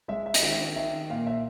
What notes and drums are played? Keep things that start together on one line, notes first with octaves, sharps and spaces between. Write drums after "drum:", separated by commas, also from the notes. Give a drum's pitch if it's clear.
G#3 E5
E5
D#5, drum: hi-hat
D#3 E5
D#3 E5
A#2 F5
E5